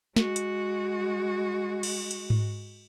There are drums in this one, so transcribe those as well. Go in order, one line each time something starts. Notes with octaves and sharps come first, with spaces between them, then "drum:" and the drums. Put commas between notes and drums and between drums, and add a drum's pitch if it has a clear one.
G#3 F#4, drum: snare
drum: hi-hat
drum: cymbal
drum: hi-hat
drum: tom G#2